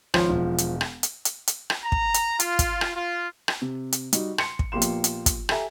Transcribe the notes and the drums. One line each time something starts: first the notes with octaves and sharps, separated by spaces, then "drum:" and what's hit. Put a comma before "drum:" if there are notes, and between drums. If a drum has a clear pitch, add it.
G#1 F3 C#5 C6, drum: rim click
E1
drum: hi-hat
drum: rim click
drum: hi-hat
drum: hi-hat
drum: hi-hat
drum: rim click
A#5
drum: kick
drum: hi-hat
F4, drum: hi-hat
drum: kick, hi-hat
drum: rim click
F4
drum: rim click
C3
drum: hi-hat
G3 D#4 F#4, drum: hi-hat
C6 C#7, drum: rim click
drum: kick
A#1 A#3 B3 G4 C6 E7
drum: hi-hat
drum: hi-hat
drum: kick, hi-hat
G4 A4 E5 G#5 A#5, drum: rim click